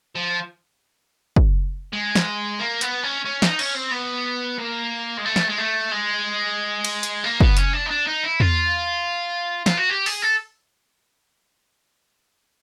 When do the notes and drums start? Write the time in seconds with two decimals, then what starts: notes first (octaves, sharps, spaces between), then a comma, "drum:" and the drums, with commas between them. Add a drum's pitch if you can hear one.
0.15 F3
1.36 drum: kick
1.93 G#3
2.15 drum: snare
2.59 A#3
2.81 B3, drum: hi-hat
3.03 C#4
3.25 C#4
3.42 D#4, drum: snare
3.59 C#4, drum: cymbal
3.75 C4
3.92 B3
4.58 A#3
5.17 G#3
5.25 A3
5.36 drum: snare
5.49 G#3
5.58 A3
5.91 G#3
6.85 drum: cymbal
7.03 drum: hi-hat
7.24 A#3
7.40 B3, drum: kick
7.57 C#4, drum: hi-hat
7.73 D4
7.86 D#4
7.90 D4
8.07 D#4
8.24 E4
8.40 F4, drum: tom E2
9.66 F4, drum: snare
9.77 F#4
9.90 G4
10.06 G#4, drum: open hi-hat
10.22 A4